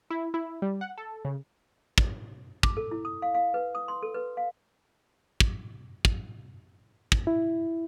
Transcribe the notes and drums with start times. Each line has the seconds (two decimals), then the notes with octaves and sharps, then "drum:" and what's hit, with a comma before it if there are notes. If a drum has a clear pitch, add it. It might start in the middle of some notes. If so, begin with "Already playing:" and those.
0.10 E4
0.34 E4
0.62 G3
0.81 F#5
0.98 A4
1.25 C#3
1.98 drum: kick
2.63 D6, drum: kick
2.77 A4
2.91 E4
3.05 D#6
3.22 F5
3.34 F5
3.54 B4
3.75 D#6
3.88 C6
4.03 A4
4.14 B4
4.37 F5
5.40 drum: kick
6.05 drum: kick
7.12 drum: kick
7.27 E4